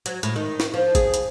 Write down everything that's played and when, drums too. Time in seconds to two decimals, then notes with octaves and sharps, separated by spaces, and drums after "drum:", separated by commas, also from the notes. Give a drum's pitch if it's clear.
0.06 F#3, drum: hi-hat
0.23 A2, drum: hi-hat
0.36 D#3
0.60 drum: snare
0.74 F3
0.95 G#4, drum: kick A1, hi-hat
1.14 drum: hi-hat